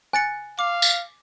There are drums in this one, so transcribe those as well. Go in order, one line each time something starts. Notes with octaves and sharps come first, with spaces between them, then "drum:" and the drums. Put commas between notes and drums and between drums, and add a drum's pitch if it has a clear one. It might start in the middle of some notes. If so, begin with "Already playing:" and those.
G#5 F#6 A6 C#7
F5 D6
drum: tambourine